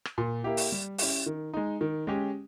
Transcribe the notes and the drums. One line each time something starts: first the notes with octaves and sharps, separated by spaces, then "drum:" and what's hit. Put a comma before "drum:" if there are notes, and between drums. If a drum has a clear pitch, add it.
drum: rim click
A#2
A#3 E4 G4
drum: open hi-hat
G3
C#4 E4 G4, drum: open hi-hat
D#3
G#3 D#4
D#3
G#3 C#4 G4